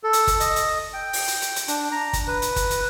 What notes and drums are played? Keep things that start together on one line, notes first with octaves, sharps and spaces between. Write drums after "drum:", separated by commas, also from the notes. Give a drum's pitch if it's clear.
A4
drum: hi-hat
drum: kick, hi-hat
D#5, drum: hi-hat
drum: hi-hat
G5
drum: open hi-hat
drum: hi-hat
drum: hi-hat
drum: hi-hat
D4, drum: hi-hat
A#5
drum: kick, hi-hat
B4
drum: hi-hat
drum: kick, hi-hat
drum: hi-hat